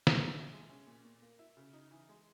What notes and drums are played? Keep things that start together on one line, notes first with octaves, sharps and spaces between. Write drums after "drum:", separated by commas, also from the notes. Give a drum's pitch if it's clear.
drum: snare
B2
E4
G#3
C#4
A#2
A#2
A#3
E4
C#3
D#4
E3
G#3